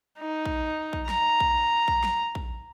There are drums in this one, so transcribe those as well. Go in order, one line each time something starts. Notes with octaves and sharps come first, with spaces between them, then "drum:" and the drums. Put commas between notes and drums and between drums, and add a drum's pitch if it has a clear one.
D#4
drum: kick A#1
drum: kick A#1
A#5, drum: snare
drum: kick A#1
drum: kick A#1
drum: snare
drum: kick A#1